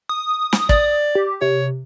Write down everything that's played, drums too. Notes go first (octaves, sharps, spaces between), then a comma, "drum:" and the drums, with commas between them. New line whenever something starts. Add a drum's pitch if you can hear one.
D#6
drum: snare
D5, drum: kick
G4
C3 C#5